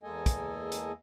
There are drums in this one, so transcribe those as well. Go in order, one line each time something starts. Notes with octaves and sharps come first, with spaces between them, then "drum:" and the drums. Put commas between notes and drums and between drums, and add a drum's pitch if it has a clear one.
E2 G#3 A#3 A4 D#5 G#5
drum: kick, hi-hat
drum: hi-hat